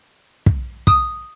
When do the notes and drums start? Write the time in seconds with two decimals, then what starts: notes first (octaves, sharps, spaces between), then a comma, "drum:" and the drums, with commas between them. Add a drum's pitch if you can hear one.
0.46 drum: kick
0.87 D#6, drum: kick